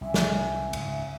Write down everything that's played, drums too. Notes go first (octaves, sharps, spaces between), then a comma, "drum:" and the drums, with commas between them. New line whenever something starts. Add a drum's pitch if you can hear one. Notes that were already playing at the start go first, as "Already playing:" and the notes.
C2 C#4 E5
drum: snare
C#2 G#2, drum: cymbal